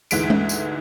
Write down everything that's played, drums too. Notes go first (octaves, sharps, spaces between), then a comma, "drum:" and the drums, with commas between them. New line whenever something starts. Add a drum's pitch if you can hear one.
D2 G#2 E3 G#3 B6 D7, drum: tambourine
drum: tom G#3
drum: tambourine